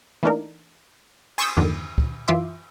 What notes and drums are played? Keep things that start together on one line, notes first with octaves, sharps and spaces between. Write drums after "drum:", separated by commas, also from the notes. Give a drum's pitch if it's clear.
E3 A3 A#3 D4 D#4 A#4
G#5 C6 C#6 D#6 E6 G6, drum: cymbal
E2 G2 A#2 D3 D#3 F3
drum: kick
F#2 E3 F4 E5 C6 D6